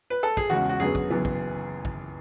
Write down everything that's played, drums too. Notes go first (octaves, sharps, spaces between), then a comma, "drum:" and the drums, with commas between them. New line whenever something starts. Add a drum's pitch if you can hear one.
B4
A4
G#4, drum: kick
E2 C#3 G#3 F#4
F#4
F#2 D3 F#3 B3 G#4
drum: kick
F#1 F#2 E3 B3
drum: kick
drum: kick